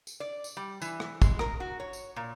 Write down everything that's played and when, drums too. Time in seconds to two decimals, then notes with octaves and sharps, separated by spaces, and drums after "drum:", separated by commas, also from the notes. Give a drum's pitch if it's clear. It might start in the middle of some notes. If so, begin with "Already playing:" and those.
0.07 drum: tambourine
0.20 D5
0.44 drum: tambourine
0.57 G3
0.81 E3, drum: tambourine
1.00 drum: rim click
1.22 G#3, drum: kick, tambourine
1.39 A#4, drum: rim click
1.60 F#4
1.80 C#5
1.93 drum: tambourine
2.16 A#2